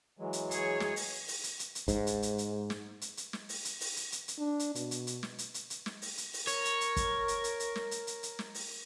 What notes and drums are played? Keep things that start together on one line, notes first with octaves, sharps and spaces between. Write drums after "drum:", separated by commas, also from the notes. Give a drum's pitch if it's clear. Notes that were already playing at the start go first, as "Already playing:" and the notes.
E3 F#3 G#3
drum: hi-hat
G#4 C#5, drum: hi-hat
drum: snare
drum: open hi-hat
drum: open hi-hat
drum: hi-hat
drum: hi-hat
drum: hi-hat
G#2, drum: kick, hi-hat
drum: hi-hat
drum: hi-hat
drum: hi-hat
drum: snare
drum: hi-hat
drum: hi-hat
drum: snare
drum: open hi-hat
drum: hi-hat
drum: open hi-hat
drum: hi-hat
drum: hi-hat
drum: hi-hat
D4
drum: hi-hat
B2, drum: hi-hat
drum: hi-hat
drum: hi-hat
drum: snare
drum: hi-hat
drum: hi-hat
drum: hi-hat
drum: snare
drum: open hi-hat
drum: hi-hat
drum: open hi-hat
A#4 C#5, drum: hi-hat
drum: hi-hat
drum: hi-hat
drum: kick, hi-hat
drum: hi-hat
drum: hi-hat
drum: hi-hat
drum: snare
drum: hi-hat
drum: hi-hat
drum: hi-hat
drum: snare
drum: open hi-hat